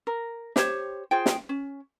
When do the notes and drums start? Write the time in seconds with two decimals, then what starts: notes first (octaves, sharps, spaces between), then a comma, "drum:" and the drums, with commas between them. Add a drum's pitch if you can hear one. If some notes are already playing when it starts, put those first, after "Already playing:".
0.07 A#4
0.56 G4 C5 C#5, drum: snare
1.11 F4 G#4 C5 G5
1.26 drum: snare
1.49 C#4